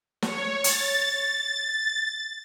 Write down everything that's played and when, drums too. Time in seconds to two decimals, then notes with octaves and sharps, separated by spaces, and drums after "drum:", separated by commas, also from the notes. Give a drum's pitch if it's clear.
0.22 C#5, drum: snare
0.64 A6, drum: hi-hat